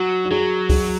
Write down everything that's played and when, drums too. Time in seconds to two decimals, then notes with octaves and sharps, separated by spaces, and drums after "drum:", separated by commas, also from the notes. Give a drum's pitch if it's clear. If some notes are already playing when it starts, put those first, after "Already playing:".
Already playing: F#3 F#4
0.25 F#4
0.31 F#3 G#4
0.69 G#4, drum: kick, open hi-hat